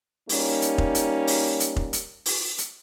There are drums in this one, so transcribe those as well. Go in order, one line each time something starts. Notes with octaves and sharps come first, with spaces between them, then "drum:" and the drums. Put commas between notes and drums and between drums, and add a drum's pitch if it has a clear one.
G3 A#3 C#4 D#4, drum: open hi-hat
drum: hi-hat
drum: kick F1
drum: hi-hat
drum: open hi-hat
drum: hi-hat
drum: kick F1
drum: hi-hat
drum: open hi-hat
drum: hi-hat